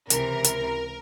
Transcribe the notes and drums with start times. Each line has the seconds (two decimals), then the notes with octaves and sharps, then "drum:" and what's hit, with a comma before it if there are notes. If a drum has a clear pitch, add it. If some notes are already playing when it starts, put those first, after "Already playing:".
0.10 C#2 C3 E3 A#4, drum: hi-hat
0.44 drum: hi-hat